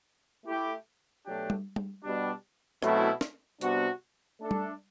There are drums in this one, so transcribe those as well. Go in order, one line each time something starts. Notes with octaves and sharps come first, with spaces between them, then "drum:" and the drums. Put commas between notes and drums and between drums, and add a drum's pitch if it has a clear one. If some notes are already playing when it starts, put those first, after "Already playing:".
A3 E4 G4
B2 F#3 A3 D4 G4
drum: tom G3
drum: tom G3
B2 G3 D4
B2 F#3 A3 C4 E4, drum: rim click
drum: snare
C3 G3 B3 D4 F#4, drum: hi-hat
A3 D4 A4
drum: tom G3